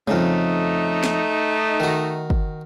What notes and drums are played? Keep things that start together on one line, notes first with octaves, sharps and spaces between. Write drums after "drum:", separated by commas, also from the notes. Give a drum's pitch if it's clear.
F2 C#3 A3 D#4, drum: tom G3
drum: snare
D#3 F#4
drum: kick